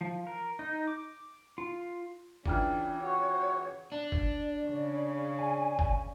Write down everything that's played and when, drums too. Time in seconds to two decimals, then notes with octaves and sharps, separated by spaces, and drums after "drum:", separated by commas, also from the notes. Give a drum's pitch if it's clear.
0.01 F3
0.27 A#4
0.59 D#4
0.87 D6
1.58 F4
2.46 C#3 E3 D4 F4 G5 F6, drum: kick
3.02 F#4 C#5
3.92 D4 D5
4.12 drum: kick
4.67 C#3
5.39 D5 G#5
5.79 drum: kick